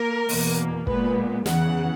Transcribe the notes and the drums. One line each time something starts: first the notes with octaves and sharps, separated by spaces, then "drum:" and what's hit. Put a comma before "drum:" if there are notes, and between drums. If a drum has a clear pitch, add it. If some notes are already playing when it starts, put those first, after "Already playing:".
Already playing: A#3 A#4
E2 B2 A#3, drum: open hi-hat
A#2 G#3 B3 B4, drum: kick
E2 C#3 E3 F#5, drum: snare